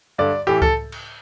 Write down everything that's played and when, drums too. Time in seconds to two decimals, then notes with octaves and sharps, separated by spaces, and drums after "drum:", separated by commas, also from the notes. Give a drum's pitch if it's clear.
0.18 G2 D3 D5
0.47 A2 E3 G4
0.62 A4, drum: kick C#2
0.92 drum: cymbal